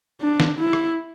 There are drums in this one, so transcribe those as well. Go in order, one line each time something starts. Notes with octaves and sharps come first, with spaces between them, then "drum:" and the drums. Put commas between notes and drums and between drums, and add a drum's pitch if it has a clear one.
D4
drum: snare
E4
drum: rim click